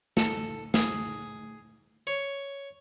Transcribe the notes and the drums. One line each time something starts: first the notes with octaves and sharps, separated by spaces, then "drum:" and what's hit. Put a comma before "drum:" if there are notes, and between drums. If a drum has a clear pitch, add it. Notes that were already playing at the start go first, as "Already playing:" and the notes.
A4, drum: snare
G#4, drum: snare
C#5